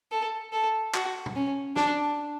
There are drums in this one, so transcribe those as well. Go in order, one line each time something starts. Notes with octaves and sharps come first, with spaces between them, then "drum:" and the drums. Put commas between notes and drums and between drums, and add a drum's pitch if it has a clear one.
A4
A4
F#4, drum: clap
drum: tom
C#4
D4, drum: snare